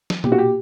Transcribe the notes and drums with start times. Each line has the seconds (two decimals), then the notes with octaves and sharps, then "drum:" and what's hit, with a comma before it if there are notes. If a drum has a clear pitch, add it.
0.10 drum: snare
0.24 A#2 G4, drum: tom B2
0.32 F#4
0.38 G4